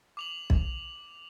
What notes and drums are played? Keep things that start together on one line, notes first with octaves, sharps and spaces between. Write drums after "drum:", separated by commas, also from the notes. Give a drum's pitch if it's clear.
D6 F7 F#7
drum: kick